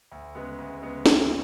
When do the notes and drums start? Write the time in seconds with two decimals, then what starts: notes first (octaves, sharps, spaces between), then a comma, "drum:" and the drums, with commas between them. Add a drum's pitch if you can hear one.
0.11 D2
0.35 C#3 G#3 B3
0.58 D2
0.82 C#3 G#3 B3
1.06 D2, drum: snare